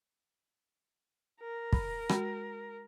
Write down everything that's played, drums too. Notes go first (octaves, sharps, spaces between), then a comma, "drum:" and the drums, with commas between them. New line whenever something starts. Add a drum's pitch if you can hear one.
A#4
B5, drum: kick
G#3 F#4 B5, drum: rim click